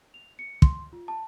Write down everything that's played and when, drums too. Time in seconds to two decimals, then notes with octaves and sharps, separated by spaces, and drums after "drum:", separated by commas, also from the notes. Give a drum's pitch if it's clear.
0.14 F7
0.39 C#7
0.62 C6, drum: kick
0.93 F4
1.08 A5